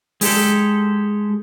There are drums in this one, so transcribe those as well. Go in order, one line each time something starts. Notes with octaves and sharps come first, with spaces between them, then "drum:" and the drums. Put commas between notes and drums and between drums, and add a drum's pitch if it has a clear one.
G#3 G4 A4, drum: open hi-hat